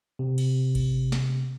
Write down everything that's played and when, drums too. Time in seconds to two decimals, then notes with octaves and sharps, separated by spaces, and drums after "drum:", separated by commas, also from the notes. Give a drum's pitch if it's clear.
0.19 C3
0.38 drum: cymbal
0.75 drum: kick G#1, cymbal
1.12 drum: snare